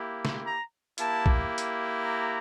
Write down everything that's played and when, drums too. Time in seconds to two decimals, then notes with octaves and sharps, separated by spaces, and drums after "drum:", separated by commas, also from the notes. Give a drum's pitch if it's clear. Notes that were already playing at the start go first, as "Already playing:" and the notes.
Already playing: A#3 E4 G4
0.25 drum: snare
0.46 A#5
0.98 A#3 E4 G4 A5, drum: hi-hat
1.26 drum: kick
1.58 drum: hi-hat
2.04 A#5